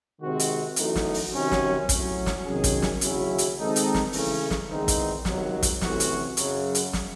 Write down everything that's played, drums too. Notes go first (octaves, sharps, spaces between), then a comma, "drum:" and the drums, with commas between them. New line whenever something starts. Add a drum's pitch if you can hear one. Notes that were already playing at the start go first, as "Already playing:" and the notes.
C3 D#3 G#3 C4 F#4
drum: hi-hat
F#2 E3 A3 D#4 F#4, drum: hi-hat
drum: snare
drum: open hi-hat
C3 D#3 F#3 C#4
drum: snare
A2 F#3 C#4, drum: kick, hi-hat
drum: snare
C3 D#3 F#3 C#4 G#4
drum: kick, hi-hat
drum: snare
D#2 C#3 F#3 C#4 E4, drum: hi-hat
drum: hi-hat
D#3 G#3 C4 D#4 A4
drum: hi-hat
drum: snare
C#3 E3 A3 C#4, drum: open hi-hat
drum: snare
E2 D#3 G#3 C4 D#4
drum: kick, hi-hat
C#2 C3 D#3 F#3, drum: snare
drum: kick, hi-hat
C3 E3 A3 C#4 F#4, drum: snare
drum: hi-hat
F#2 C#3 F#3, drum: hi-hat
drum: hi-hat
drum: snare